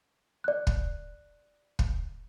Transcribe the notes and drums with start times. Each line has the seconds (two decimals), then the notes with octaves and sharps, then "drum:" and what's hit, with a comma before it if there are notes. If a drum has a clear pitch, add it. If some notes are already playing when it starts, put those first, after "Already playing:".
0.44 D5 F#6
0.67 drum: kick
1.79 drum: kick